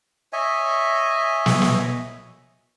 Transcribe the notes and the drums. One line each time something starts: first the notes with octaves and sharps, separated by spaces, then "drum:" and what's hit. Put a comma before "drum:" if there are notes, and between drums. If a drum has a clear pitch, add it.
C#5 D#5 E5 G#5
drum: snare
drum: snare